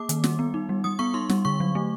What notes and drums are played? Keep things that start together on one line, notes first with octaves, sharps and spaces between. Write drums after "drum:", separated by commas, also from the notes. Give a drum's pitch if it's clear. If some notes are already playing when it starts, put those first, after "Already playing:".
Already playing: A#3 D6
D#3, drum: hi-hat
G3, drum: snare
B3
D#4
G3
G3 D#6
B3 C#6
D#4 C6
G3, drum: snare
D3 C#6
F#3
A3